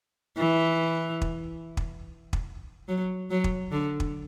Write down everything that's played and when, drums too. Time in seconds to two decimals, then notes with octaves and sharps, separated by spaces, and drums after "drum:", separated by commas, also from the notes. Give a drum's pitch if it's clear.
0.37 E3
1.21 drum: kick
1.77 drum: kick
2.33 drum: kick
2.88 F#3
3.31 F#3
3.44 drum: kick
3.72 D3
4.00 drum: kick